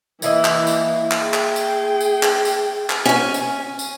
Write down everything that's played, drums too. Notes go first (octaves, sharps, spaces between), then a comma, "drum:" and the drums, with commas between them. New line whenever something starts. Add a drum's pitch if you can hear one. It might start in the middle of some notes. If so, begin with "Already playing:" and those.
E3 A#3 E4 D#5, drum: tambourine
drum: clap
drum: tambourine
drum: clap
G#4 G5
drum: clap
drum: tambourine
drum: tambourine
drum: clap
drum: tambourine
drum: clap
C#4 G#5
drum: tambourine
drum: tambourine